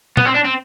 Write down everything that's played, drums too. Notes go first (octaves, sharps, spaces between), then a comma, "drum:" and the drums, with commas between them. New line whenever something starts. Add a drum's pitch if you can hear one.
B3, drum: tom
C4
D4
C4